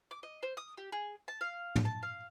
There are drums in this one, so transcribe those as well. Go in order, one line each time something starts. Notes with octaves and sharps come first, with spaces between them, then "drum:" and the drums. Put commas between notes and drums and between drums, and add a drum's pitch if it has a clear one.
D6
D#5
C5
D#6
G4
G#4
A5
F5
drum: tom
A5
F5